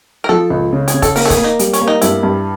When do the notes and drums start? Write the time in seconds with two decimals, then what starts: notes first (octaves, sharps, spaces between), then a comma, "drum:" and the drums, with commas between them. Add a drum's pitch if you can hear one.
0.24 A#4
0.29 F3 A4
0.50 C#2
0.73 C#3
0.88 G#4, drum: hi-hat
0.94 C#3
1.02 A4, drum: kick, hi-hat
1.16 A#3 A#4, drum: open hi-hat
1.25 A4
1.30 G#4, drum: kick, hi-hat
1.37 A#3
1.44 D#4
1.59 G3, drum: hi-hat
1.73 C#4, drum: hi-hat
1.81 A#3
1.88 D#4
2.02 G2 E4, drum: hi-hat
2.23 G2